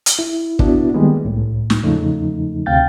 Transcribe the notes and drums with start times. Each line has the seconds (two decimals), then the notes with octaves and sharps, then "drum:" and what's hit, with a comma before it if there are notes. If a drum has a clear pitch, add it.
0.06 drum: hi-hat
0.19 E4
0.59 B3 D4 E4 F#4, drum: kick
0.94 D#3 G3 G#3 A#3 B3
1.25 C2 A2
1.70 drum: snare
1.83 E2 C#3 F3 A3 D#4
2.66 D2 C3 F5 G5 G6 A6